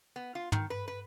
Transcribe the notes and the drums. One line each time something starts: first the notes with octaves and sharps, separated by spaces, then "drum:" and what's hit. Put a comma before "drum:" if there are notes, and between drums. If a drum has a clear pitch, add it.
B3
F4
D#3, drum: tom
B4
B4